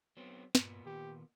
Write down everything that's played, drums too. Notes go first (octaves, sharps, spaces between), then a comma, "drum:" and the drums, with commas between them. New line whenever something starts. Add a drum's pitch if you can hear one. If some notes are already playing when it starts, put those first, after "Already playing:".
F#3 B3 C4
G2 A#2 B3, drum: snare
D#3 G4